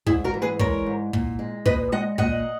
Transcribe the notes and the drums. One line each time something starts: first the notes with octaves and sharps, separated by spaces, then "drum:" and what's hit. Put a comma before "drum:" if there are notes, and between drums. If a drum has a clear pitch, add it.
G#2 E4 G#4, drum: kick
F#4 A#4
E3
G#4 B4
G#3 A#4 C#5, drum: kick
G#2
A#2, drum: kick
G#3
A#2 B4 D#5, drum: kick
G#3 D#5 F#5
A#2 D#5 F#5, drum: kick